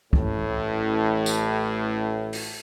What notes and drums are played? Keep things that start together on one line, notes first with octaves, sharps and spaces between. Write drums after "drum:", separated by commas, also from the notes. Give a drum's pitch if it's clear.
A1 A2, drum: kick
drum: tambourine
drum: open hi-hat